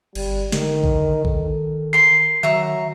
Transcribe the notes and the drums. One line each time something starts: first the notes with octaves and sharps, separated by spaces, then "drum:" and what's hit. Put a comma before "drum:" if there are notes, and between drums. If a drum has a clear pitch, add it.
G1 G3, drum: cymbal
D3 D#3, drum: snare
drum: kick A#1
D#3 A4, drum: kick A#1
A#4 C6 C7
D#3 F#3 E5 A#5 C#6